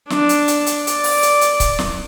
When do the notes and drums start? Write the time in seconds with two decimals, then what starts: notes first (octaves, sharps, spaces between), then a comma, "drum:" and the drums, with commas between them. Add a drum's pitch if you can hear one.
0.10 D4, drum: snare
0.29 drum: hi-hat
0.48 drum: hi-hat
0.66 drum: hi-hat
0.87 D5, drum: hi-hat
1.04 drum: open hi-hat
1.23 drum: hi-hat
1.41 drum: hi-hat
1.60 drum: kick C#1, hi-hat
1.79 drum: snare